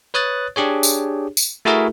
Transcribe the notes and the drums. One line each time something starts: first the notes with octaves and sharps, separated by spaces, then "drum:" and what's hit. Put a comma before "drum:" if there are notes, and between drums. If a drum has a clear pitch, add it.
B4 C#5 D#6 F#6 A6
D4 G4 G#4 C#5
drum: tambourine
drum: tambourine
A3 E4 F#4 G#4 A#4 E5